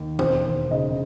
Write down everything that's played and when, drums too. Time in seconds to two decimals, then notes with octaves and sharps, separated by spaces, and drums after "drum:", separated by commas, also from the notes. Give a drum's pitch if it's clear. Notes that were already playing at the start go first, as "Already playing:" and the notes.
Already playing: D#2
0.19 E1 C5, drum: tom D#3
0.46 E1
0.71 C#3 D#5